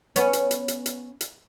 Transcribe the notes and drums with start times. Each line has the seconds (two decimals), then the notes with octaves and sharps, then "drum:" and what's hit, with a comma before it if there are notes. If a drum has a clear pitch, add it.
0.16 B3 C#4, drum: hi-hat
0.33 drum: hi-hat
0.51 drum: hi-hat
0.68 drum: hi-hat
0.86 drum: hi-hat
1.21 drum: hi-hat